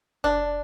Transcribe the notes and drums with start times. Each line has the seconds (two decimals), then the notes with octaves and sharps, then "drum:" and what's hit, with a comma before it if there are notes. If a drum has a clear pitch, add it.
0.24 D4, drum: kick F#1